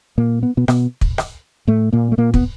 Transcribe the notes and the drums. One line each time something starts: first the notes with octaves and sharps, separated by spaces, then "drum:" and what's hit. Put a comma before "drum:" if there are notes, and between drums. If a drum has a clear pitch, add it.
A#2 A#3
B3
B2 B3
B2 B3, drum: rim click
drum: kick
drum: rim click
A2 A3
A#2 A#3
A3
A#2 A#3
B3, drum: kick